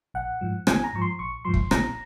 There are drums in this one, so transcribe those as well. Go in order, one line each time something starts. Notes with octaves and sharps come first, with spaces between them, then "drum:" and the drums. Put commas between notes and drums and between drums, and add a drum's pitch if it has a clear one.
A#1 F#5
G#2 F3
A#1 G#5, drum: rim click
A#5
G#2 F3 C#6
C6
A#1 C#6
G#2 F3 C6
drum: kick
A#1 A#5, drum: rim click